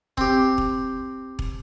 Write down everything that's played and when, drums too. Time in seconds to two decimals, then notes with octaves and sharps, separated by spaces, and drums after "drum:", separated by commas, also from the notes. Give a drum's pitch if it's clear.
0.17 C4 G4, drum: kick E1
0.58 drum: kick E1
1.39 drum: kick E1